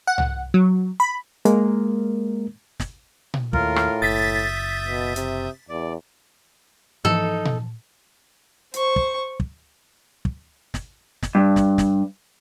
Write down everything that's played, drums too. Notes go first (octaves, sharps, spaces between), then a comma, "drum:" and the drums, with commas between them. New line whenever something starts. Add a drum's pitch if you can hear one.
F#5
drum: tom C2
F#3
B5
G#3 A#3 A#4, drum: hi-hat
drum: snare
drum: tom A#2
D#2 A2 F4 A#4, drum: kick
drum: rim click
F#1 E5 D#6 G6 A6 B6
B2
C3, drum: hi-hat
E2 D5
G#2 E3 F3 D#4 A4
drum: tom A#2
C5 C#6, drum: hi-hat
drum: kick
drum: kick
drum: kick
drum: snare
drum: snare
G2
drum: snare
drum: snare